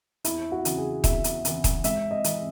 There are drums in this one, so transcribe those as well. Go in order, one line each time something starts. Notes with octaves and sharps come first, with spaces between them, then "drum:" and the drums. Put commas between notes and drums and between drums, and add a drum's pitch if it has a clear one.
E2 E4, drum: hi-hat
F#4
C#3 E3, drum: hi-hat
G#4
E2 E5, drum: kick D#1, hi-hat
drum: hi-hat
C#3 E3, drum: hi-hat
drum: kick D#1, hi-hat
G#2 E5, drum: hi-hat
D#5
E3, drum: hi-hat